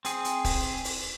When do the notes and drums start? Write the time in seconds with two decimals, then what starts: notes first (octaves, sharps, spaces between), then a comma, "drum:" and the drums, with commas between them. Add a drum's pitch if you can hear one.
0.05 C4 G#4, drum: hi-hat
0.25 drum: hi-hat
0.45 drum: kick, open hi-hat
0.84 drum: open hi-hat